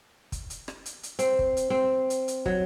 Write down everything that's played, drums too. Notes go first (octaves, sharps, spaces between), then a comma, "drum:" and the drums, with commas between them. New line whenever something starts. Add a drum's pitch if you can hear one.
drum: kick, hi-hat
drum: hi-hat
drum: rim click
drum: hi-hat
drum: hi-hat
C4, drum: hi-hat
drum: kick
drum: hi-hat
C4
drum: hi-hat
drum: hi-hat
F#3, drum: kick